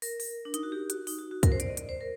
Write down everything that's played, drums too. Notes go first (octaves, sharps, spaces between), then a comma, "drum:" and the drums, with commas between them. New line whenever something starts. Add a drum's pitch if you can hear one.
A#4, drum: open hi-hat
drum: open hi-hat
D4
D#4, drum: hi-hat
F#4
G4
F#4, drum: hi-hat
D#4, drum: open hi-hat
F#4
F#4
A#4, drum: kick, hi-hat
C5
D5, drum: hi-hat
D#5
D5, drum: hi-hat
C5
A#4